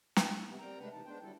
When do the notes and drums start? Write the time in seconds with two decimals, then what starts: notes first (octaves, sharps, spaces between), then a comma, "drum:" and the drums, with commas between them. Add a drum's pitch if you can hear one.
0.16 drum: snare
0.46 C3 B3
0.59 G3 C4 A#4 G5 A#5
0.79 C3 G#3 A3 D4 B4 F#5
0.93 C3 E3 D#4 A5
1.05 G#3 B3 D4 C5 G5
1.21 D3 F#3 G3 E4 A4